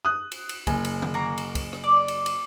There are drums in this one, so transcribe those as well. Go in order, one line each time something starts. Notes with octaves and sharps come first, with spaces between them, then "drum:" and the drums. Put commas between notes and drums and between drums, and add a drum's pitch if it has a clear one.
D#6 F#6
drum: cymbal
drum: cymbal
F#1 G#5, drum: kick, cymbal
drum: cymbal
drum: tom
A#3 F#4 A#5
drum: cymbal
drum: kick, cymbal
drum: rim click
D5
drum: cymbal
drum: cymbal